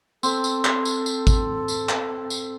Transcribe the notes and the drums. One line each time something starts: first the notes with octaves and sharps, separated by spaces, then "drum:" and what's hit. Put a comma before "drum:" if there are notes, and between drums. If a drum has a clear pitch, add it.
C4 A4, drum: tambourine
drum: tambourine
drum: clap
drum: tambourine
drum: tambourine
drum: kick G#1, tambourine
drum: tambourine
drum: clap
drum: tambourine